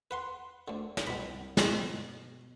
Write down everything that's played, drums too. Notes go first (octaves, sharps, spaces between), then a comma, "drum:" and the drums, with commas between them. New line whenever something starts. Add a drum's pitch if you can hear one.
B4 F#5 C6
D2 D3
drum: snare
C2 B2 B5
A#1 B2, drum: snare